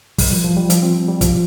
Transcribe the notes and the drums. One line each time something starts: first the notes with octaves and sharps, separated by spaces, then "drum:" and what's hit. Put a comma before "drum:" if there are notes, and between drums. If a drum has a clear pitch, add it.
G3, drum: kick, open hi-hat
F3
F3
G3
F3, drum: hi-hat
C4
G3
F3, drum: kick, hi-hat